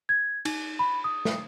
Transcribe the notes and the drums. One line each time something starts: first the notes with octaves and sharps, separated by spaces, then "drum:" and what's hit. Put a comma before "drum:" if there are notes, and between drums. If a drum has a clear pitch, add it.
G#6
D#4, drum: cymbal
B5
D#6
drum: snare